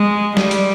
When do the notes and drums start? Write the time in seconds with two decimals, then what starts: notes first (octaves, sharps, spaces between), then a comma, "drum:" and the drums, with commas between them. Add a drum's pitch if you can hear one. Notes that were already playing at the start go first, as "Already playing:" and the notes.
Already playing: G#3
0.37 G3, drum: snare
0.51 drum: hi-hat